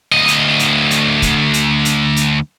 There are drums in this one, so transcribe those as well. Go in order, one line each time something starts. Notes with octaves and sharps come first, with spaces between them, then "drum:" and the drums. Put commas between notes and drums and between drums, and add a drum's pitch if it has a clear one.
D2 D#5
drum: hi-hat
drum: hi-hat
drum: hi-hat
drum: kick, hi-hat
drum: hi-hat
drum: hi-hat
drum: hi-hat